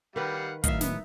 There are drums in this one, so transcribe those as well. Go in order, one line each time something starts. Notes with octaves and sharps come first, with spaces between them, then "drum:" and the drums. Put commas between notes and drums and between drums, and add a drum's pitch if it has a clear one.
D#3 G3 B4 F5 F#5
A2 D#3 F#3 D#4 E5 F5, drum: kick, hi-hat
B3, drum: snare